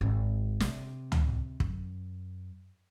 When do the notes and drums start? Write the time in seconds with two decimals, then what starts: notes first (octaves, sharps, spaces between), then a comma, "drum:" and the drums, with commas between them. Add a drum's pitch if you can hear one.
0.01 G#1
0.60 C3, drum: snare
1.12 drum: tom C#2
1.60 F#2, drum: kick